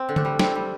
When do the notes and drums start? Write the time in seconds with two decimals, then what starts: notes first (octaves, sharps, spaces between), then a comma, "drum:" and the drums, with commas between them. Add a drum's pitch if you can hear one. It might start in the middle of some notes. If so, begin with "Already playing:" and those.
Already playing: C4
0.09 D3
0.16 A3 D4, drum: tom D3
0.25 G3
0.39 G3 C4, drum: snare
0.55 G3